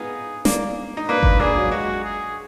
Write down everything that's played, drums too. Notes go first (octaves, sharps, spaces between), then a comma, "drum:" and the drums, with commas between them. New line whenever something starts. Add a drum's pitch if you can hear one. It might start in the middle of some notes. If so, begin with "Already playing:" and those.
Already playing: B3 D#4 F4 G#4
A#3 D4, drum: snare
D#4
A#3 D4 B4
drum: kick G1
A#3 D4 G#4
F#3
G#3 F#4
G#4